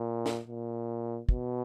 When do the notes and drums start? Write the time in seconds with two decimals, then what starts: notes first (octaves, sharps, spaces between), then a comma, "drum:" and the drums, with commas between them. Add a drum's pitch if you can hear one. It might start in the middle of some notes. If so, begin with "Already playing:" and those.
Already playing: A#2
0.26 drum: snare
0.47 A#2
1.29 B2, drum: kick